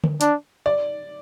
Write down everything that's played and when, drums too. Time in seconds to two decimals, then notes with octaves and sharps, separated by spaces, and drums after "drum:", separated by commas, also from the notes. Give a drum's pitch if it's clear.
0.04 drum: tom D3
0.21 D4, drum: hi-hat
0.66 D5